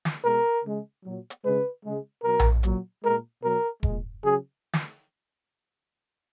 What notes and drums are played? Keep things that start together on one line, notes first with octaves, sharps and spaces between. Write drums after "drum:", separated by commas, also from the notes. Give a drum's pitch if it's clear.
drum: snare
B2 G#3 A#4
C#3 G#3
A#2 F#3
drum: hi-hat
C#3 G#3 B4
C#3 G#3
B2 F#3 A#4
drum: tom A#1
A#2 F#3, drum: hi-hat
A#2 G#3 A#4
B2 F#3 A#4
A#2 G#3, drum: kick E1
C#3 F#3 G#4
drum: snare